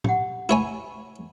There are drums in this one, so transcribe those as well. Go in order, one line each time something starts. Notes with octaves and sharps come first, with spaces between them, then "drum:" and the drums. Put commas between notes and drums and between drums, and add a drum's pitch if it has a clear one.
G4 F#5, drum: tom A2
E4 C#5 G#5 B5